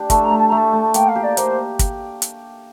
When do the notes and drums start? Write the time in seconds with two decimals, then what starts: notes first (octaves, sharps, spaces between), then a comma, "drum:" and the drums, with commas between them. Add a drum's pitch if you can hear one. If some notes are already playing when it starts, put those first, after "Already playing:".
Already playing: D4 G4
0.10 A3 A5, drum: kick, hi-hat
0.24 A#5
0.30 A3
0.38 A5
0.48 A3 A#5
0.57 A5
0.73 A3
0.94 A#3 G5, drum: hi-hat
1.08 F5
1.15 G4
1.23 D5
1.37 A#3 C5, drum: hi-hat
1.79 drum: kick, hi-hat
2.22 drum: hi-hat